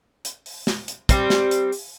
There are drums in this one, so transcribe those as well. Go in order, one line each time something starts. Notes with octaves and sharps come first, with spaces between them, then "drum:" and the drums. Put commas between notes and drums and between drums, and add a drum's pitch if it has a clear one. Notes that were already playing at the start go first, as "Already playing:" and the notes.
drum: hi-hat
drum: open hi-hat
drum: snare
drum: hi-hat
G3 C4, drum: kick, hi-hat
drum: snare
drum: hi-hat
drum: open hi-hat